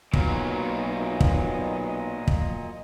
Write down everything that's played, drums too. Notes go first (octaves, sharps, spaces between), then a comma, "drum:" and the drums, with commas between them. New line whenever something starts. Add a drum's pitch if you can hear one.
B1 A#2 F#3 D#5, drum: kick
drum: kick
drum: kick